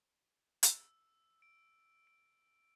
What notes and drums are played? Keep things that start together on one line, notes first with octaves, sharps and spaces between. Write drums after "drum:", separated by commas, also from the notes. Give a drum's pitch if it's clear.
E6, drum: hi-hat
D7
D7